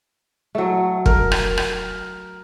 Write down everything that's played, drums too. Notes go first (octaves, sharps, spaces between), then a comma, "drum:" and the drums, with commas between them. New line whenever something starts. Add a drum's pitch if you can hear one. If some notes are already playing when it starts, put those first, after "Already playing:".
F#3 A3
A#4, drum: kick
drum: rim click
drum: rim click